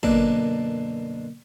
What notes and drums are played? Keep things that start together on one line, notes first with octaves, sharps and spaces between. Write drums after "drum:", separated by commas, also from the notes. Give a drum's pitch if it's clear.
F#2 B2 D3 A#3 D4, drum: kick